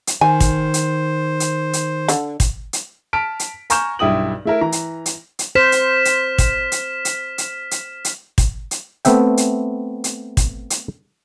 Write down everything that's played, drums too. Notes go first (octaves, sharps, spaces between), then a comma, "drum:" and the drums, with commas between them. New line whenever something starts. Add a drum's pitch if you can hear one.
drum: hi-hat
D#3 C5 G#5
drum: kick, hi-hat
drum: hi-hat
drum: hi-hat
drum: hi-hat
D3, drum: hi-hat
drum: kick, hi-hat
drum: hi-hat
A5 F6 B6 D7
drum: hi-hat
G#5 A#5 C#6 F6 G6 E7, drum: hi-hat
B1 G2 E4 G5 D#6 F#7
A3 E4 A#4
E3 A#5
drum: hi-hat
drum: hi-hat
drum: hi-hat
C5 F6 B6 E7
drum: hi-hat
drum: hi-hat
drum: kick, hi-hat
drum: hi-hat
drum: hi-hat
drum: hi-hat
drum: hi-hat
drum: hi-hat
drum: kick, hi-hat
drum: hi-hat
A3 B3 C4 E5 G5, drum: hi-hat
drum: hi-hat
drum: hi-hat
drum: kick, hi-hat
drum: hi-hat